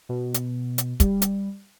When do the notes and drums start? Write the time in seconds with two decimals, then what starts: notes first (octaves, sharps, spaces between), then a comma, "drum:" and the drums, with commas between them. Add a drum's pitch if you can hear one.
0.09 B2
0.34 drum: hi-hat
0.78 drum: hi-hat
1.00 G3, drum: kick, hi-hat
1.22 drum: hi-hat